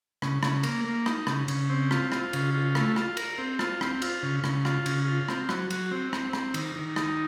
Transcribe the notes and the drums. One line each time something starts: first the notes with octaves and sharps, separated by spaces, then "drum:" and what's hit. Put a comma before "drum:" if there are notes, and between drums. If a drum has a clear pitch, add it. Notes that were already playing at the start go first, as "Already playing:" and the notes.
C#3, drum: rim click
C#3, drum: rim click
A#3, drum: cymbal
A#3
D#4, drum: rim click
C#3, drum: rim click
C#3, drum: cymbal
C4
F4, drum: rim click
F4, drum: rim click
C#3, drum: cymbal
F4
A3, drum: rim click
F4, drum: rim click
A#4, drum: cymbal
C4
F4, drum: rim click
C4, drum: rim click
F4, drum: cymbal
C#3
C#3, drum: rim click
F4, drum: rim click
C#3, drum: cymbal
F4
C4, drum: rim click
F#3, drum: rim click
F#3, drum: cymbal
C4
C4, drum: rim click
C4, drum: rim click
D#3, drum: cymbal
D#3
D#4, drum: rim click